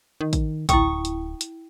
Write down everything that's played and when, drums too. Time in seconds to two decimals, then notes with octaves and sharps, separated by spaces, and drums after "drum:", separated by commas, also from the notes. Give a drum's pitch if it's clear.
0.21 D#3
0.33 drum: kick A1, hi-hat
0.69 D1 E4 G5 C#6 D#6, drum: kick A1, hi-hat
1.05 drum: hi-hat
1.41 drum: hi-hat